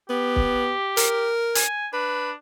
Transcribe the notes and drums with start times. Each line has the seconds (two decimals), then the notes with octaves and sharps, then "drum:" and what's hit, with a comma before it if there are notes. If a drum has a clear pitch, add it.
0.10 B3 G4
0.36 drum: kick
0.97 A#4, drum: hi-hat
1.55 G#5, drum: hi-hat
1.93 D4 B4